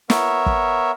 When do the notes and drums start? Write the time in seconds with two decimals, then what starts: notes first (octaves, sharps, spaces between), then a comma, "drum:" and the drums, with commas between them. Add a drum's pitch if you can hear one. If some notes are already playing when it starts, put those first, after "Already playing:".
0.10 B3 A#4 C#5 E5, drum: snare
0.46 drum: kick